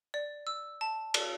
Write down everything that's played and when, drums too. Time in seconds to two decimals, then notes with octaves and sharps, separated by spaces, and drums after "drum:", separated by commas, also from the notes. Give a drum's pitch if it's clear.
0.14 D5
0.47 E6
0.81 A5
1.14 D5, drum: cymbal